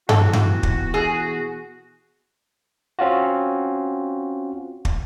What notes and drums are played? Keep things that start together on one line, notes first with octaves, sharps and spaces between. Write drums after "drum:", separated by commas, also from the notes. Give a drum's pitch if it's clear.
B2 E3 F#4 G4 A4, drum: tom G2
drum: tom G2
drum: kick
G#4
C4 C#4 F4 F#4
drum: kick